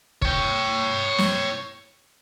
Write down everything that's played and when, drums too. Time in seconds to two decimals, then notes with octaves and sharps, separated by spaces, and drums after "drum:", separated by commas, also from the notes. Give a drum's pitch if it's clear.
0.22 C#5 G5, drum: kick F#1
1.18 drum: snare